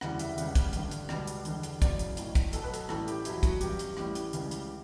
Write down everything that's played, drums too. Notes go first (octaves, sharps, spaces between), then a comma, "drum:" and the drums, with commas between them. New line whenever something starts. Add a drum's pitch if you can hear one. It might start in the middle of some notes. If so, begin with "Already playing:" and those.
E1 D2 C#3 E3 G3 F#5, drum: rim click
E5, drum: hi-hat
C#2 C#3 G3 F#5, drum: hi-hat
drum: kick, hi-hat
A1 G2 D3, drum: hi-hat
drum: hi-hat
C#2 B2 G3, drum: rim click
drum: hi-hat
E1 E2 D3 G3, drum: hi-hat
drum: hi-hat
F#1 E2 C#3 F#3 D5, drum: kick, hi-hat
drum: hi-hat
B1 A2 F#3, drum: hi-hat
drum: kick, hi-hat
B1 B2 F#3 A4, drum: hi-hat
B4
A4, drum: hi-hat
A1 A2 E3 G3 A4, drum: rim click
G4, drum: hi-hat
E2 B2 F#3 E4, drum: hi-hat
F#4, drum: kick, hi-hat
A1 G2 F#3 G4, drum: hi-hat
drum: hi-hat
A1 A2 E3 G3, drum: rim click
drum: hi-hat
C#2 C#3 E3 G3, drum: hi-hat
drum: hi-hat